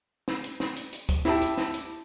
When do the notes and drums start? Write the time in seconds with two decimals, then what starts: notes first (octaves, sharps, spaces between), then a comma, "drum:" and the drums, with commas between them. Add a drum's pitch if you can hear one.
0.28 drum: snare
0.44 drum: hi-hat
0.60 drum: snare
0.76 drum: hi-hat
0.93 drum: hi-hat
1.09 drum: kick D2, hi-hat
1.25 E4 G4 A5, drum: snare
1.41 drum: hi-hat
1.57 drum: snare
1.74 drum: hi-hat